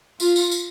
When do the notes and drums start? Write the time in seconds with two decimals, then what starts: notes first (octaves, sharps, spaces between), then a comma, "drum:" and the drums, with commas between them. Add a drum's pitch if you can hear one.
0.20 F4, drum: tambourine
0.36 drum: tambourine
0.52 drum: tambourine